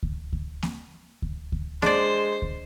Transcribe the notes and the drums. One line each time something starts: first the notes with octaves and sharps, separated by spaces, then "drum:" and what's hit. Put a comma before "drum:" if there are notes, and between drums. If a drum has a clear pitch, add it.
drum: kick D2
drum: kick D2
drum: snare A#3
drum: kick D2
drum: kick D2
G#3 D4 C5 D5, drum: snare A#3
drum: kick D2